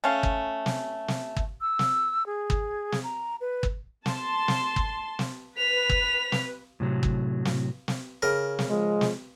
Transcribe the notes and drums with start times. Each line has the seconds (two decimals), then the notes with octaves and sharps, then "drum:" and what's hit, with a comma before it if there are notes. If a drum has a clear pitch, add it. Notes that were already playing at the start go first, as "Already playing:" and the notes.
0.04 A3 C#4 F5
0.23 drum: kick
0.66 drum: snare
1.08 drum: snare
1.37 drum: kick
1.61 E6
1.79 drum: snare
2.26 G#4
2.50 drum: kick
2.92 drum: snare
3.03 A#5
3.41 B4
3.63 drum: kick
4.06 A5 C6, drum: snare
4.48 drum: snare
4.76 drum: kick
5.19 drum: snare
5.58 B4 B6 F7
5.90 drum: kick
6.32 drum: snare
6.80 A2 C3 F#3
7.03 drum: kick
7.45 drum: snare
7.88 drum: snare
8.22 C#3 A#4
8.59 drum: snare
8.69 F3 G#3
9.01 drum: snare